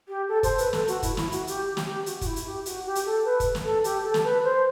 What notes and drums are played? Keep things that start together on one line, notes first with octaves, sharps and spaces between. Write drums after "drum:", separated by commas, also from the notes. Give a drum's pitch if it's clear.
G4
A4
C5, drum: kick, hi-hat
B4, drum: hi-hat
A4, drum: snare
F#4, drum: hi-hat
E4, drum: kick, hi-hat
E4, drum: snare
F#4, drum: hi-hat
G4, drum: hi-hat
G4
drum: snare
G4
F#4, drum: hi-hat
F#4, drum: kick, hi-hat
E4
drum: hi-hat
G4
F#4, drum: hi-hat
G4
drum: hi-hat
A4
B4
drum: kick, hi-hat
drum: snare
A4
G4, drum: hi-hat
A4
drum: snare
B4
C5